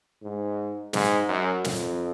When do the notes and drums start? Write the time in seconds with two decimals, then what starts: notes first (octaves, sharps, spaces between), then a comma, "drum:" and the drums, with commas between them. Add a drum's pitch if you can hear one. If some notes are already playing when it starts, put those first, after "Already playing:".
0.22 G#2
0.93 G#2, drum: snare
1.28 F#2
1.64 F2, drum: snare